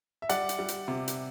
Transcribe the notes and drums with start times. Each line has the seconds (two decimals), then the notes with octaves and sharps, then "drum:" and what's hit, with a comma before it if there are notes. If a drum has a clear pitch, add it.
0.22 E5
0.29 G3 D5 F#5, drum: hi-hat
0.49 drum: hi-hat
0.59 G3
0.68 drum: hi-hat
0.88 C3
1.08 drum: hi-hat